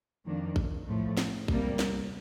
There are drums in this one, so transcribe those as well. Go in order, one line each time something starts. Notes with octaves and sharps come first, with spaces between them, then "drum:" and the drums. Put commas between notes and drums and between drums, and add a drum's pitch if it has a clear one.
F2 D#3 A#3 D4
drum: kick
A2 F3 A3
drum: snare
C3 G3 A#3, drum: kick
drum: snare